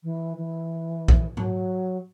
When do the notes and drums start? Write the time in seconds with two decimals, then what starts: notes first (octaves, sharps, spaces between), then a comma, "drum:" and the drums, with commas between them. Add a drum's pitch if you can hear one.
0.03 E3
0.37 E3
1.08 drum: kick
1.37 F#3, drum: tom G#2